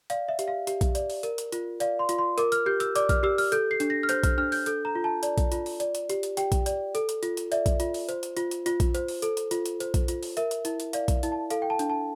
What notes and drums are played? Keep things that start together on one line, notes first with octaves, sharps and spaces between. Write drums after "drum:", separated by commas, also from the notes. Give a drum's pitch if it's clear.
D5 F5, drum: hi-hat
E5
G4, drum: hi-hat
F5
G4, drum: hi-hat
drum: kick A#1, hi-hat
D5, drum: hi-hat
drum: open hi-hat
A#4, drum: hi-hat
drum: hi-hat
F4, drum: hi-hat
D5 F5, drum: hi-hat
C6
F4, drum: hi-hat
C6
A#4 D6, drum: hi-hat
F6, drum: hi-hat
G4 G6
E6, drum: hi-hat
D5 D6, drum: hi-hat
F6, drum: kick A#1, hi-hat
G4 E6
F6, drum: open hi-hat
A4 G6, drum: hi-hat
C7
D4, drum: hi-hat
A#6
F6
C5 G6, drum: hi-hat
F6, drum: kick A#1, hi-hat
D4 F6
G6, drum: open hi-hat
A4 G6, drum: hi-hat
A#5
F4
A5
D5, drum: hi-hat
drum: kick A#1, hi-hat
F4, drum: hi-hat
drum: open hi-hat
D5, drum: hi-hat
drum: hi-hat
G4, drum: hi-hat
drum: hi-hat
G4 G5, drum: hi-hat
drum: kick A#1, hi-hat
D5, drum: hi-hat
A4, drum: hi-hat
drum: hi-hat
F4, drum: hi-hat
drum: hi-hat
D5 E5, drum: hi-hat
drum: kick A#1, hi-hat
F4, drum: hi-hat
drum: open hi-hat
C5, drum: hi-hat
drum: hi-hat
F4, drum: hi-hat
drum: hi-hat
F4, drum: hi-hat
drum: kick A#1, hi-hat
C5, drum: hi-hat
drum: open hi-hat
A4, drum: hi-hat
drum: hi-hat
F4, drum: hi-hat
drum: hi-hat
C5, drum: hi-hat
drum: kick A#1, hi-hat
F4, drum: hi-hat
drum: open hi-hat
A#4 E5, drum: hi-hat
drum: hi-hat
E4, drum: hi-hat
drum: hi-hat
D5 F5, drum: hi-hat
drum: kick A#1, hi-hat
E4, drum: hi-hat
A5
A4 F5, drum: hi-hat
G5
A5
D4, drum: hi-hat
A5